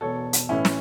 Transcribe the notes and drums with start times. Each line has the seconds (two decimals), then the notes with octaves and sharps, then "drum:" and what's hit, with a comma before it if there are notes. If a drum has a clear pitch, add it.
0.01 E1 E2 B2 A4 C#5
0.33 drum: hi-hat
0.49 A1 A2 E3 C#4 E4
0.65 drum: snare